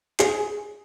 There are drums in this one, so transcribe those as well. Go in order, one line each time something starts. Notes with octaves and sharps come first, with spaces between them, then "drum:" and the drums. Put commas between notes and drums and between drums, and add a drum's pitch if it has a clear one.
G#4, drum: clap